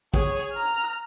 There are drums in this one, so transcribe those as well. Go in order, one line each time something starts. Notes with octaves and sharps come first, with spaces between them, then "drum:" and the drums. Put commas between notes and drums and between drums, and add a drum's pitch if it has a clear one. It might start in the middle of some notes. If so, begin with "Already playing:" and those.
G#4 C#5, drum: kick
A#5 F6